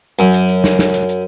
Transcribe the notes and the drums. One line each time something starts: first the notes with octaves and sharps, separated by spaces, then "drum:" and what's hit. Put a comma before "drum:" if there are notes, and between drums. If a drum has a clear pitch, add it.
F#2, drum: hi-hat
drum: hi-hat
drum: hi-hat
drum: snare
drum: snare
drum: hi-hat
drum: hi-hat